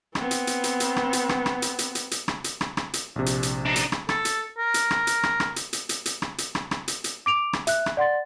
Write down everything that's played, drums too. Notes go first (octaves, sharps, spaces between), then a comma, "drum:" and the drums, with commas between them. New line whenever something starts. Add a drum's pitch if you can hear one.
B3 C4, drum: rim click
drum: hi-hat
drum: hi-hat
drum: hi-hat
drum: hi-hat
drum: rim click
drum: hi-hat
drum: rim click
drum: rim click
drum: hi-hat
drum: hi-hat
drum: hi-hat
drum: hi-hat
drum: rim click
drum: hi-hat
drum: rim click
drum: rim click
drum: hi-hat
A#1 C3
drum: hi-hat
drum: hi-hat
D4 D#4
drum: hi-hat
drum: rim click
A4, drum: rim click
drum: hi-hat
A#4
drum: hi-hat
drum: rim click
drum: hi-hat
drum: rim click
drum: rim click
drum: hi-hat
drum: hi-hat
drum: hi-hat
drum: hi-hat
drum: rim click
drum: hi-hat
drum: rim click
drum: rim click
drum: hi-hat
drum: hi-hat
D6 D7 F7
drum: rim click
E5 F#6, drum: hi-hat
drum: rim click
D5 F#5 C6 A6